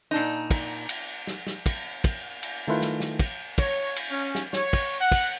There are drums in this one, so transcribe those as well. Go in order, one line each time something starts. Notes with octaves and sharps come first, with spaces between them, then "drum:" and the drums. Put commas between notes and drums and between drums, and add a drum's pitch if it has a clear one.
A#2 D4 D#4
drum: kick, cymbal
drum: cymbal
drum: snare
drum: snare
drum: kick, cymbal
drum: kick, cymbal
drum: cymbal
D#3 A3 E4 F4 B4
drum: snare
drum: snare
drum: kick, cymbal
C#5, drum: kick, cymbal
drum: cymbal
C#4
drum: snare
C#5, drum: snare
drum: kick, cymbal
F#5
drum: kick, cymbal